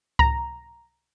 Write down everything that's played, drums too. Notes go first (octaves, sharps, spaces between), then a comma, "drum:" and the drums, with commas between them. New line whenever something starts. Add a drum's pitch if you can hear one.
A#5, drum: kick C#2